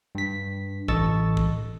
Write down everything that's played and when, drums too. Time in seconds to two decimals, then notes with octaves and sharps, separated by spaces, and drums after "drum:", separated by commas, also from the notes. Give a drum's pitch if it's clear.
0.15 G2 B6
0.88 A1 A4 D#5 C#6 E6 A6, drum: kick A1
1.37 drum: kick A1